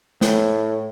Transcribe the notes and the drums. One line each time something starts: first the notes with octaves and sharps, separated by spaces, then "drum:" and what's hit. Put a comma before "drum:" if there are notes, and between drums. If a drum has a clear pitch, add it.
A2, drum: snare